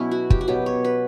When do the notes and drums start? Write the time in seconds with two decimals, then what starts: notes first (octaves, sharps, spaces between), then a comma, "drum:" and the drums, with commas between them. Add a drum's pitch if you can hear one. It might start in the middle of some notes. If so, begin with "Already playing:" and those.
Already playing: B2 F#3 B3 C#4 E4
0.11 F#4
0.30 G4, drum: kick
0.41 F#4
0.48 B2 F#3 B3 G4
0.66 C#5
0.85 B4